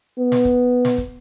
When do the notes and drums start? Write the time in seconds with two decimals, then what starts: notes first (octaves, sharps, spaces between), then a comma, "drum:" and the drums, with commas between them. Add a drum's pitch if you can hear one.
0.18 B3
0.32 drum: snare
0.45 drum: kick
0.85 drum: snare
0.98 drum: kick